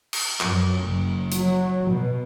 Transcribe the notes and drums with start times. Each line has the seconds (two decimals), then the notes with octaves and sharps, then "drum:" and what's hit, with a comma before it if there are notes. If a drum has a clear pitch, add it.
0.13 drum: cymbal
0.40 F#2, drum: clap
0.85 F#1
1.32 F#3, drum: hi-hat
1.91 B2